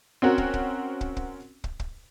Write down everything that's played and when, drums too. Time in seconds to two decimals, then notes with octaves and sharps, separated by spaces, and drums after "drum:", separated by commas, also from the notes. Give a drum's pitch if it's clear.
0.22 C4 C#4 F#4 A#4
0.38 drum: kick
0.54 drum: kick
1.01 drum: kick
1.17 drum: kick
1.64 drum: kick
1.80 drum: kick